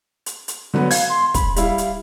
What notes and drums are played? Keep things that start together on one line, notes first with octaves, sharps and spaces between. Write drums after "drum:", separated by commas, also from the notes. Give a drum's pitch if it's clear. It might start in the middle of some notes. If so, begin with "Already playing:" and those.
drum: hi-hat
drum: hi-hat
D3 F#3 B3
F5 G#6, drum: open hi-hat
C6
B5, drum: kick, hi-hat
G3 E4 F5, drum: hi-hat
drum: hi-hat